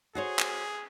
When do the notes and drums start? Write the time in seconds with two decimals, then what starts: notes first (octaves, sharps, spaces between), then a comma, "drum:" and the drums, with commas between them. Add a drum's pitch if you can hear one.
0.15 F#4 G#4 C5 C#5
0.39 drum: clap